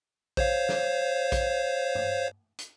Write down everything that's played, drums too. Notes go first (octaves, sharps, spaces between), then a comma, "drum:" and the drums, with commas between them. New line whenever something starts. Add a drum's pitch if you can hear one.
C5 C#5 F5, drum: kick A#1
drum: snare
drum: kick A#1, hi-hat
drum: tom G2
drum: hi-hat